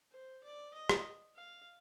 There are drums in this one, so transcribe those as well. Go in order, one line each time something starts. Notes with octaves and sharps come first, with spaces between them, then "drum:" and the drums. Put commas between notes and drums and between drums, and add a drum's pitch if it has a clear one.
C5
D5
D#5
drum: rim click
F5